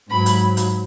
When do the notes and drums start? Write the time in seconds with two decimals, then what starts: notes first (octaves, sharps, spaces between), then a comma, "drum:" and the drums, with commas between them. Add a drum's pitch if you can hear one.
0.11 G#2 F#3 B5
0.26 drum: hi-hat
0.57 drum: hi-hat